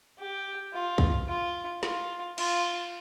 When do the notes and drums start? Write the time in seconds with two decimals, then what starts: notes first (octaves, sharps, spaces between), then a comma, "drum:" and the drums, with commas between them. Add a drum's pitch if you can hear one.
0.18 G4
0.73 F4
0.98 drum: kick
1.28 F4
1.83 F4, drum: snare
2.38 F4, drum: cymbal